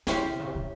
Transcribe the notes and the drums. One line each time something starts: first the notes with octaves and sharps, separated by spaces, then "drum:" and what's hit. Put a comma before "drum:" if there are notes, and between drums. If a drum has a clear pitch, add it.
C#3 C#4 E4 G4 C5, drum: snare
C3
C#3
C3
C#3